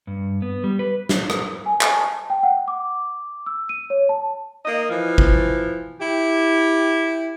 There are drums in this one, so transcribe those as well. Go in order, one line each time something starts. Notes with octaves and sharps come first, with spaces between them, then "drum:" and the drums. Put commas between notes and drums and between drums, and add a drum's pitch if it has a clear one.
G2
B3
G3
B4
drum: snare
drum: rim click
G#5
drum: clap
A5
G5
F#5
D6
E6
D#7
C#5
A5
A#3 D#5
E3 F3
drum: kick G#1
E4 G4